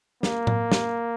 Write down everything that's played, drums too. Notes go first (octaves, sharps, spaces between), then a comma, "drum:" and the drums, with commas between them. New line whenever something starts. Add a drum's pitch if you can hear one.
A#3, drum: snare
drum: tom A2
drum: snare